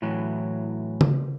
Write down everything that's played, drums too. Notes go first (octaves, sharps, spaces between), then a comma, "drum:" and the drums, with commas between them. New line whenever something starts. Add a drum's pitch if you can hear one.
A2 E3 F#3
drum: tom C#3